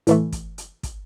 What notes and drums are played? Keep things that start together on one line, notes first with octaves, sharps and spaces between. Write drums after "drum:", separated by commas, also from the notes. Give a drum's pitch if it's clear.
A2 E3 A3, drum: hi-hat
drum: kick, hi-hat
drum: hi-hat
drum: kick, hi-hat